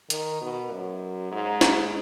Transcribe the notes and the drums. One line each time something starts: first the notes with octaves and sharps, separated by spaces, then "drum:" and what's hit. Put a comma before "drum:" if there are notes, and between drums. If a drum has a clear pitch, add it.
D#3, drum: hi-hat
B2
F#2
G#2
drum: snare